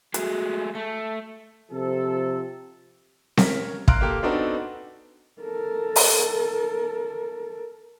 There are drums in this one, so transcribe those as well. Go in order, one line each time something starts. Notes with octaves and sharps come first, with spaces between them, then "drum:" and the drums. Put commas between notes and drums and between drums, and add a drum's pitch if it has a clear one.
G#3 A3 F#4 G#4, drum: hi-hat
A3 A5
C3 F3 A4
C#4 A#4 C#5 B6, drum: snare C4
F5 A#5 C6 F6 F#6 D7, drum: kick
A#3 G4 A4
B3 C4 D4 D#4 F#4 A4
A4 A#4
drum: open hi-hat